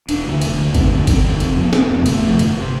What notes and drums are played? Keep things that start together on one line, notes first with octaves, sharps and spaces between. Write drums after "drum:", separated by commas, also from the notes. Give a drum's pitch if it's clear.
E1 D4, drum: cymbal
D2 D3
E1, drum: cymbal
D2 D3
F1 C4, drum: kick G1, cymbal
E2 D3
F1 C4, drum: kick G1, cymbal
E2 D3
F1, drum: cymbal
F2 C3
B3
F1 C4, drum: snare
F2 C3 B3
G1 A3, drum: cymbal
F2 C3
G1, drum: cymbal
C3